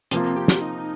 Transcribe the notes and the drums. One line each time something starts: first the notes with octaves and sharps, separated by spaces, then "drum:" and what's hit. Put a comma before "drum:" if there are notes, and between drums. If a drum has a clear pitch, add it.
C3 F3 A#3 C4 F4, drum: hi-hat
G4
drum: snare
D#4